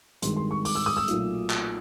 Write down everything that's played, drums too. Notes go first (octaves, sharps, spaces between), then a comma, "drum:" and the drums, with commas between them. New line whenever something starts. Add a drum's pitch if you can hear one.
G#1 G2 D#3 G#3 C6, drum: hi-hat
C6
C#6
D6, drum: open hi-hat
E6
D#6
E6
B1 A#2 F#3 A3, drum: hi-hat
drum: clap